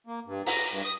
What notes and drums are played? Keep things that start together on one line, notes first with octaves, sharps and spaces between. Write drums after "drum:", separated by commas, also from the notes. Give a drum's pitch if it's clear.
A#3
G2
A#5, drum: open hi-hat
G2
D#6